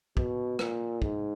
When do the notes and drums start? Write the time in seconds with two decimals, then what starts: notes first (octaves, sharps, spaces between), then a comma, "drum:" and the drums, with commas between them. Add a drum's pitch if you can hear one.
0.17 B2, drum: kick
0.59 A#2, drum: rim click
1.02 G#2, drum: kick